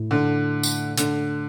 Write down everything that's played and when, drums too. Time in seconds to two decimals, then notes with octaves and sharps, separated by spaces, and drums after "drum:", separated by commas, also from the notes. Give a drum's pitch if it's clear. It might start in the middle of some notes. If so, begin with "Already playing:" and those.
Already playing: A2 A3
0.11 D3
0.63 drum: tambourine
0.98 D3, drum: hi-hat